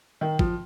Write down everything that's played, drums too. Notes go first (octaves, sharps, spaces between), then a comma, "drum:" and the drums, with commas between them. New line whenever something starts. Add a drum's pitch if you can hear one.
D#3
F3, drum: kick